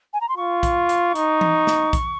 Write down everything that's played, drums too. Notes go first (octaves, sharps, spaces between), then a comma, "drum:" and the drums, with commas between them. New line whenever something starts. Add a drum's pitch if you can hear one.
G#5
A#5
C6
F4 C#6
drum: kick, hi-hat
drum: hi-hat
D#4, drum: hi-hat
drum: tom E3
drum: snare
drum: kick, hi-hat